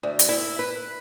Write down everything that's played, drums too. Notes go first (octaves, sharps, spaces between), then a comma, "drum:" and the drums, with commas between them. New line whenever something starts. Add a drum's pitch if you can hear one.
D2
drum: hi-hat
E4
B4